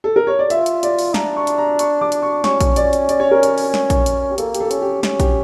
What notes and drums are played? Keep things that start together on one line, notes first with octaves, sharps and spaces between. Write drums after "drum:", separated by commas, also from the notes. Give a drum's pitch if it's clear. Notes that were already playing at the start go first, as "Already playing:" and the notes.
A4
A#4
C#5
D5
F4 E5, drum: hi-hat
drum: hi-hat
D5, drum: hi-hat
drum: open hi-hat
D4 A#5, drum: snare
C#6
drum: hi-hat
A#5
C#6, drum: hi-hat
D6
drum: hi-hat
C#6
C#4 C#6, drum: snare
drum: kick A#1, hi-hat
D5, drum: hi-hat
drum: hi-hat
D5, drum: hi-hat
C#5
A#4
C#5, drum: hi-hat
drum: open hi-hat
drum: snare
drum: kick A#1, hi-hat
drum: hi-hat
G4
A#3 A4, drum: hi-hat
G4, drum: hi-hat
A4
C#4, drum: hi-hat
G4
C#4, drum: snare
G4, drum: kick A#1, hi-hat